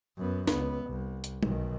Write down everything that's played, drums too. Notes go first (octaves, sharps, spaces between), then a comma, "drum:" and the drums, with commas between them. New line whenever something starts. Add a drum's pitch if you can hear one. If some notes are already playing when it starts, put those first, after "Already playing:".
F#2 B3
C#2 B3, drum: snare
C2
drum: hi-hat
B1 D#3, drum: tom